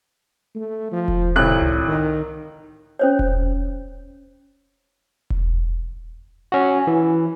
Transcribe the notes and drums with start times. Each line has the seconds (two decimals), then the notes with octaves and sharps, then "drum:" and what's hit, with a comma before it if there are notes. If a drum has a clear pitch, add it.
0.55 A3
0.92 F3
1.08 drum: kick E1
1.36 G#1 A2 C3 F#6
1.61 drum: tom C2
1.87 D#3
2.99 C#4 C5 C#5
3.19 drum: kick E1
5.30 drum: kick E1
6.52 C#4 F#4
6.87 E3